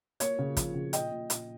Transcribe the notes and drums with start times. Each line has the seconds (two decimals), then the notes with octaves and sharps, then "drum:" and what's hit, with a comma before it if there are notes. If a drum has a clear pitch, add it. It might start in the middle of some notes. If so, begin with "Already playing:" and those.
0.20 A#3 C#5, drum: hi-hat
0.39 C#3
0.57 F3, drum: kick, hi-hat
0.75 C#3
0.93 A#2 D#5 G5, drum: hi-hat
1.11 A#2
1.30 A#2, drum: hi-hat